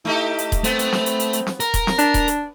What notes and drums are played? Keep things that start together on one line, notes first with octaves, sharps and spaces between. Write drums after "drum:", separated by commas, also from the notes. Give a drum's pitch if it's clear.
A3 D#4 E4 G4
drum: hi-hat
drum: kick D#1, hi-hat
A3 B3 C4, drum: hi-hat
drum: hi-hat
drum: snare
drum: hi-hat
drum: hi-hat
drum: hi-hat
drum: snare
A#4, drum: hi-hat
drum: kick D#1, hi-hat
drum: snare
D4, drum: hi-hat
drum: kick D#1, hi-hat
drum: hi-hat